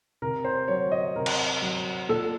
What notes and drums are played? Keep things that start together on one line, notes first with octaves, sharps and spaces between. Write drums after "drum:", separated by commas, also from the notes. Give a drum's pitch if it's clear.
C3 A#4
C5
F#3 C#5
D#5
C3 A#4
drum: cymbal
F#3
A#2 A4